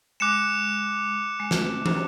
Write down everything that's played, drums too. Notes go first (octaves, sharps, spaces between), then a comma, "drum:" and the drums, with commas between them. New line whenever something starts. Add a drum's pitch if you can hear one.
G#3 D6 F#6 C#7 E7
G#3
A3, drum: snare
drum: tom